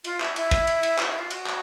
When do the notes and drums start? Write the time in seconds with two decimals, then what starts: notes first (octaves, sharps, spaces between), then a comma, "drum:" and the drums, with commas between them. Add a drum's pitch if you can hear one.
0.04 F4, drum: cymbal
0.20 E4, drum: clap
0.36 E4, drum: cymbal
0.51 drum: kick, cymbal
0.67 drum: cymbal
0.83 drum: cymbal
0.99 F4, drum: clap
1.09 E4
1.18 F4
1.30 F#4, drum: cymbal
1.47 drum: clap